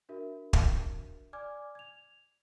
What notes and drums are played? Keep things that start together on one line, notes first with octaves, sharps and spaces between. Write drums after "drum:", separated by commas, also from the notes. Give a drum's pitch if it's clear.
D4 F#4 A#4 E5
drum: kick
D5 G#5 D6 F6 G#6
G#6 F7